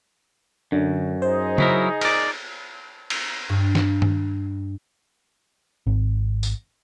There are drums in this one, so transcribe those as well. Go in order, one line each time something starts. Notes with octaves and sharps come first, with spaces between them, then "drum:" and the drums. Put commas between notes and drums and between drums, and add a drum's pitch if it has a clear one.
F#2 D3
D#4 G#4 C5 D#5
F#3 E4 A#4, drum: tom C#3
A#4 D5, drum: cymbal
drum: cymbal
G2
drum: snare
drum: tom G2
G#1
drum: tambourine